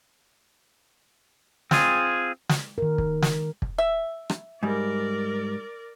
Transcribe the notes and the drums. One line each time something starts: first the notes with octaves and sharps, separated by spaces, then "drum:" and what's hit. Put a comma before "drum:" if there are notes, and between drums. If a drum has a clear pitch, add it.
C4 F4 G#4, drum: snare
drum: snare
D#3 A#4
drum: kick
drum: snare
drum: kick
E5
drum: rim click
G#2 G3 A#4 D5